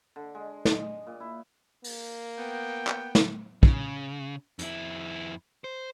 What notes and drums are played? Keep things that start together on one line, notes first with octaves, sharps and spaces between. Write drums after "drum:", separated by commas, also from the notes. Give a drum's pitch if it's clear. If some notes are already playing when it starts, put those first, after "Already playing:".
D3
G#3
D#5, drum: snare
A#2
E4
A#3, drum: open hi-hat
B3 G5
drum: clap
drum: snare
C#3, drum: kick
F2 E4, drum: hi-hat
C5